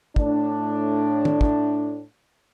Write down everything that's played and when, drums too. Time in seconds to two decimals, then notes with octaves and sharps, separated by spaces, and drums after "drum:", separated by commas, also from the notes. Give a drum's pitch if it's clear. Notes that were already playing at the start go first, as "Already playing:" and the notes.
0.16 A2 D4, drum: kick
1.25 drum: tom
1.41 drum: kick